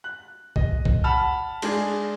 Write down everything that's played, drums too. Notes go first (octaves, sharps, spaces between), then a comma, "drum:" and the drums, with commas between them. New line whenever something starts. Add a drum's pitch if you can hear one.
F#6
D#5, drum: kick
drum: kick
F#5 A5 B5 F6
G#3 D4 G#4, drum: cymbal